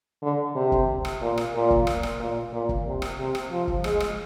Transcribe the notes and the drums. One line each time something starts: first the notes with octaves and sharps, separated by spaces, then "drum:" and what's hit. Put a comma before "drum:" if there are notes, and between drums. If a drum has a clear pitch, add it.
D3
C3
drum: kick
drum: rim click
A#2
drum: rim click
A#2
drum: kick
drum: rim click
drum: rim click
A#2
A#2
drum: kick
C3
drum: rim click
C3
drum: rim click
F3
drum: kick
G#3, drum: rim click
drum: rim click